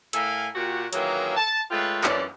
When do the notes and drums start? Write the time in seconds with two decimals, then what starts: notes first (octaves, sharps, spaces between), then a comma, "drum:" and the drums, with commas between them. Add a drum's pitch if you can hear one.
0.13 A2 E4 A4 A#4 F5 G#5, drum: hi-hat
0.55 A#2 F#4 G4
0.93 D#3 E3 F#3 A#3 F4 G#4, drum: hi-hat
1.37 A5
1.71 G#3 A3 F4 B4 C#5 G5
2.04 F#2 E3 C#4 D5, drum: clap